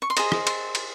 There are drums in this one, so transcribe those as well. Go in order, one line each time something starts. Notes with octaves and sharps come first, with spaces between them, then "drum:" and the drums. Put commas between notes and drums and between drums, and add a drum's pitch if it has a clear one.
C#6
C6
G#4 C5 D#5 A#5, drum: cymbal
drum: rim click
C6, drum: cymbal
drum: cymbal